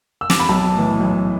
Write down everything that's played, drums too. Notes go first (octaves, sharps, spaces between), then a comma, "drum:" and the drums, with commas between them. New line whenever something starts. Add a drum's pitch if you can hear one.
E6
D6, drum: snare
B5
B1 A5
A2 E3
B1